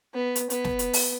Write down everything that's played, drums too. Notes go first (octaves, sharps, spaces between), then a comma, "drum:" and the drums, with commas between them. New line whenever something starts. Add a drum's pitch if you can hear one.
B3
drum: hi-hat
B3, drum: hi-hat
drum: snare
drum: hi-hat
drum: open hi-hat